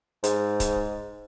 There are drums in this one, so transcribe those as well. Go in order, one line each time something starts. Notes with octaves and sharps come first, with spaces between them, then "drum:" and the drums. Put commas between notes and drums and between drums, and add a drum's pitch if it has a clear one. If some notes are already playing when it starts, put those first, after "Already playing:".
G#2, drum: hi-hat
drum: kick C#1, hi-hat